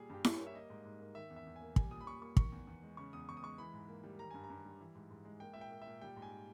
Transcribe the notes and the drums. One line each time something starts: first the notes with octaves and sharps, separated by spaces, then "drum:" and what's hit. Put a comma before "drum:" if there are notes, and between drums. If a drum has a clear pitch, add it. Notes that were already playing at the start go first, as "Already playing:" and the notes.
Already playing: A#2 G3 G#4
G2 G4
G2, drum: snare E4
C#5
A#3
E5
G3 D#5
G#2
G#2
A#3
D#3 E5
E2
E5
E2
G#5
A#3
G3 G#5, drum: kick
A#2 D#6
B5
A#2 C#6
A#3 C#6
D#3 C#6, drum: kick
E2
E2
G#3
C#3 C#6
E2 D#6
E2 C#6
D#6
G#3 C#6
E3 B5
G#2
A#3
G3
D#3 A#5
G2 G#5
A#5
G2
G3
E3
G#2
G#2
G#3
A#3 G5
A#2 E5
G5
A#3
A#2 E5
G3 G5
G#2
G#5